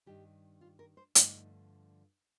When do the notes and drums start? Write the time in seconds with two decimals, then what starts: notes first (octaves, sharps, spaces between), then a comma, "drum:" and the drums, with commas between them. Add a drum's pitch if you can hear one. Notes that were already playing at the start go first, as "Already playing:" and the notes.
0.06 G2 D#3 G3 G4
0.61 F4
0.79 A#4
0.97 C5
1.15 G2 D3 F3 A3 D#4, drum: hi-hat